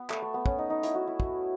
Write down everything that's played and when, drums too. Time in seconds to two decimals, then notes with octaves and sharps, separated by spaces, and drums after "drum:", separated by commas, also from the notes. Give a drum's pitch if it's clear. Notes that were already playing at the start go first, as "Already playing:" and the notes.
Already playing: B3
0.10 A3, drum: clap
0.22 A3
0.34 B3
0.46 C#4, drum: kick
0.59 D#4
0.70 D#4
0.83 E4, drum: hi-hat
0.95 F#4
1.07 E4
1.20 drum: kick